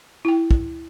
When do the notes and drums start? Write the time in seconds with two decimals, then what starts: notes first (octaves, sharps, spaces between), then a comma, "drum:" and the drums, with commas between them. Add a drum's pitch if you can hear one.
0.25 E4 G5
0.51 drum: kick